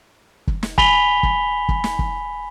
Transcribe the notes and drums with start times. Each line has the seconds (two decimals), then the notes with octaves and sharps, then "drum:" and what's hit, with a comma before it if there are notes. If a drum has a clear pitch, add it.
0.47 drum: kick
0.63 drum: snare
0.78 G#5 B5 B6 F7 G7, drum: kick
1.23 drum: kick
1.69 drum: kick
1.84 drum: snare
1.99 drum: kick